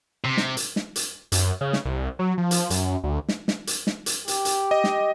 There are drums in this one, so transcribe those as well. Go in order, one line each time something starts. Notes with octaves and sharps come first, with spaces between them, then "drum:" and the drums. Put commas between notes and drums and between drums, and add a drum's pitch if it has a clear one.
C3
drum: snare
drum: hi-hat
drum: snare
drum: hi-hat
F#2, drum: hi-hat
C#3
drum: snare
C2
F#3
F3
drum: hi-hat
F#2, drum: hi-hat
D2
drum: snare
drum: snare
drum: hi-hat
drum: snare
drum: hi-hat
G4, drum: hi-hat
drum: hi-hat
D#5
drum: snare